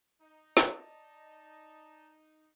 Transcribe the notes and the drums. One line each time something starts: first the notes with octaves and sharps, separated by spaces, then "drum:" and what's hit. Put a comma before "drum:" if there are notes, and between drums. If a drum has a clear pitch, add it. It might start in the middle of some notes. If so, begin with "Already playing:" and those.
D#4
drum: snare
D5 D#5 A5